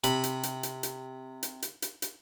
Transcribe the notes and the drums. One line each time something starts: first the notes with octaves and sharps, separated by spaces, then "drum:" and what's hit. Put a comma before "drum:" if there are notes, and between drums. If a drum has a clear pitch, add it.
C3 B5, drum: hi-hat
drum: hi-hat
drum: hi-hat
drum: hi-hat
drum: hi-hat
drum: hi-hat
drum: hi-hat
drum: hi-hat
drum: hi-hat